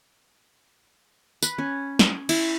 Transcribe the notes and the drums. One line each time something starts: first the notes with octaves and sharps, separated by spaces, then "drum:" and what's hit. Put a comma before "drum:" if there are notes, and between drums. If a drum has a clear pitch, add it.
B4, drum: tambourine
C#4
drum: snare
E4, drum: cymbal